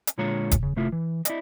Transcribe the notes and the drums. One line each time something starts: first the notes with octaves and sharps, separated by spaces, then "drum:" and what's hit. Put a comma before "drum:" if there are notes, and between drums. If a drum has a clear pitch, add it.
drum: hi-hat
A#2 D3 G#3 F4 C#5 A#5
drum: kick E1, hi-hat
C#3
C3 A3 E4 F4
E3
E4 D5 D#5, drum: hi-hat